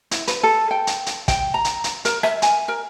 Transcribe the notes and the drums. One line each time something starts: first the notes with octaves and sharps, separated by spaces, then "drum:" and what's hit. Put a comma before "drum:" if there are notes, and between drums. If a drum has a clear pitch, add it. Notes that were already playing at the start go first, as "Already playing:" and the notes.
E4, drum: hi-hat
B4, drum: hi-hat
A4
G5
drum: hi-hat
drum: hi-hat
G5, drum: kick, hi-hat
A#5
drum: hi-hat
drum: hi-hat
A#4, drum: hi-hat
E5, drum: rim click
G#5, drum: hi-hat
A#4